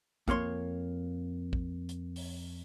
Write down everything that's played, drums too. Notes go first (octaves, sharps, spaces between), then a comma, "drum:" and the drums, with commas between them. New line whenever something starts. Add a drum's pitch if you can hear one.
F2 A#3 C#5 C6, drum: kick
drum: kick
drum: hi-hat
drum: open hi-hat